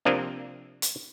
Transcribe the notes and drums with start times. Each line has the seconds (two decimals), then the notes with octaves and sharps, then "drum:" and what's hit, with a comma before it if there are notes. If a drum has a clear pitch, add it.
0.05 C3 F3 A#3 C4 D4
0.82 drum: hi-hat